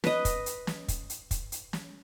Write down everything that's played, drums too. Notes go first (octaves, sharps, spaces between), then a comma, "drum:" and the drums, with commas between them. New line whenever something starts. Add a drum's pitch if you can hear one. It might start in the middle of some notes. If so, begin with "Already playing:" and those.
B4 D#5, drum: snare
drum: kick, hi-hat
drum: hi-hat
drum: snare
drum: kick, hi-hat
drum: hi-hat
drum: kick, hi-hat
drum: hi-hat
drum: snare